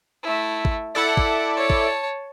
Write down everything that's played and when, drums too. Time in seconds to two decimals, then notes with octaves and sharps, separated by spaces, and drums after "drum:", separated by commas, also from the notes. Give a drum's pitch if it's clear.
0.23 A3 E4
0.65 drum: kick
0.95 E4 A4 D5 F#5
1.17 drum: kick
1.57 C#5 A5
1.70 drum: kick